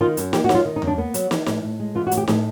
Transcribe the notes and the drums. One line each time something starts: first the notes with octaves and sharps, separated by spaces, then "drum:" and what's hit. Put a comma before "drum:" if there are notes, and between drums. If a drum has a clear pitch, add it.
D#3 F4
F#2, drum: hi-hat
A#3 G4, drum: snare
F#4
F#3, drum: snare
F4
D#3
D#4
F#2, drum: tom E2
D4
A#3 B3
F#3, drum: hi-hat
E3, drum: snare
A2, drum: snare
A2
G#3
E3 F4
F#4
A2, drum: hi-hat
G4
A2 G#4, drum: snare